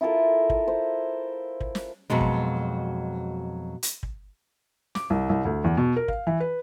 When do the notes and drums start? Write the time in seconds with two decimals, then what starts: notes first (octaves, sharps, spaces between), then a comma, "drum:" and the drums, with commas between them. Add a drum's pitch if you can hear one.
0.01 E4 F4 A4 A#4
0.50 drum: kick
0.68 C5
1.61 drum: kick
1.75 drum: snare
2.10 F2 B2 F#3 G#3
2.21 drum: kick
3.83 drum: hi-hat
4.03 drum: kick
4.95 D6, drum: snare
5.10 C2
5.29 C2
5.45 D2
5.64 E2
5.77 B2
5.96 A#4
6.08 F5, drum: kick
6.27 E3
6.40 B4